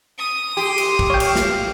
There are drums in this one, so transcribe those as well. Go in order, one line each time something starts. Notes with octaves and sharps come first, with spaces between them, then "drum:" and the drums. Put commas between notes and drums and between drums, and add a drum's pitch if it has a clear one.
D#6
G4 C6
drum: cymbal
drum: kick
C#5 F5 G5
drum: cymbal
drum: snare